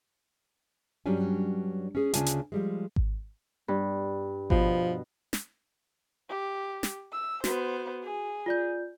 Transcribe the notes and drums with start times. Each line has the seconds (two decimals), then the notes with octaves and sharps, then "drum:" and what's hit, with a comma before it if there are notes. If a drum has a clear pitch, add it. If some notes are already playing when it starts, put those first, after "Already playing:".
1.06 G2 F#3 G3 C#4 D4 G#5
1.95 C#4 G#4
2.14 D2 C#3 D4 F4 G#5 A5, drum: hi-hat
2.26 drum: hi-hat
2.52 F3 G3 G#3
2.96 drum: kick G#1
3.68 G2
4.50 B2 F3, drum: kick G#1
5.33 drum: snare
6.29 G4
6.83 drum: snare
7.12 E6
7.44 B3 F#4 C5, drum: snare
8.04 G#4
8.46 F4 D5 G6